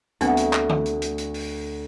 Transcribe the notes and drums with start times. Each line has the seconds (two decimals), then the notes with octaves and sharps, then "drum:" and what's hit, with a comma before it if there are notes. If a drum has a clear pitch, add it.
0.21 D2 D3 B3 C4 D4 F#5, drum: hi-hat
0.37 drum: hi-hat
0.53 drum: clap
0.69 drum: tom D3
0.86 drum: hi-hat
1.02 drum: hi-hat
1.18 drum: hi-hat
1.34 drum: open hi-hat